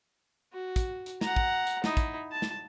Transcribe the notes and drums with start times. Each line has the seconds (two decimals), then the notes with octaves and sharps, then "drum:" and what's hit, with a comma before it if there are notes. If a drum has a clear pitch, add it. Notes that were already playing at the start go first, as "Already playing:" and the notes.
0.53 F#4
0.76 drum: kick, hi-hat
1.06 drum: hi-hat
1.21 F#5 A#5, drum: snare
1.36 drum: kick
1.67 drum: hi-hat
1.84 D#4 E4, drum: snare
1.97 drum: kick, hi-hat
2.32 A5
2.42 drum: snare